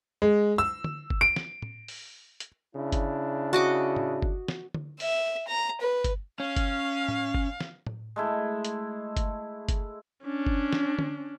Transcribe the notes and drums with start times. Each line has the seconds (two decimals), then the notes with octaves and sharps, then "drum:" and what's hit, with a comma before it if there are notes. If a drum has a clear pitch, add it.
0.22 G#3
0.58 E6
0.84 drum: tom D3
1.10 drum: kick G1
1.21 D7
1.36 drum: snare
1.62 drum: tom
1.88 drum: open hi-hat
2.40 drum: hi-hat
2.75 C#3 D4 E4
2.92 drum: kick G1, hi-hat
3.53 F#4 D#5 D6
3.96 drum: tom
4.22 drum: kick G1
4.48 drum: snare
4.74 drum: tom D3
5.00 E5, drum: open hi-hat
5.48 A#5
5.81 B4
6.04 drum: kick G1, hi-hat
6.40 C#4 F5
6.56 drum: kick G1, hi-hat
7.08 drum: tom A2
7.34 drum: kick G1
7.60 drum: snare
7.86 drum: tom A2
8.16 G#3 A3 E4
8.65 drum: hi-hat
9.17 drum: kick G1, hi-hat
9.69 drum: kick G1, hi-hat
10.24 C#4 D4
10.47 drum: kick G1
10.73 drum: snare
10.99 drum: tom D3